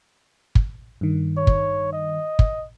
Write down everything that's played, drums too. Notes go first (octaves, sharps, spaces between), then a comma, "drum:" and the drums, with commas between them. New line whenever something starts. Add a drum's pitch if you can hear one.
drum: kick
G2 D#3
C#5
drum: kick
D#5
drum: kick